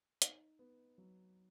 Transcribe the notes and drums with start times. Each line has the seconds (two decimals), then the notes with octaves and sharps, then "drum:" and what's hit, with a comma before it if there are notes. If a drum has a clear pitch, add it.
0.22 D#4, drum: hi-hat
0.59 B3
0.98 F#3